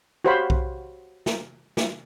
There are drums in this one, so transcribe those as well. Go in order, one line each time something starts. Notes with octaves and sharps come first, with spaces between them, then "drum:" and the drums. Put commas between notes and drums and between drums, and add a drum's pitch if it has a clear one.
F#4 G4 C5 C#5 F5 B5
drum: kick B1
drum: snare
drum: snare